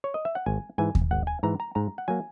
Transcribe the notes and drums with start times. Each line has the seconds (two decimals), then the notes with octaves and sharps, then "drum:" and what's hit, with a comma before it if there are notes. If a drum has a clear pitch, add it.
0.04 C#5
0.14 D#5
0.25 E5
0.35 F#5
0.46 G#1 G#5
0.78 G#2 E3 G#5
0.95 drum: kick D#2
1.11 G#1 F#5
1.27 G#5
1.43 G#2 E3 A#5
1.60 A#5
1.75 G#2 A#5
1.98 F#5
2.08 F#3 A#3 G#5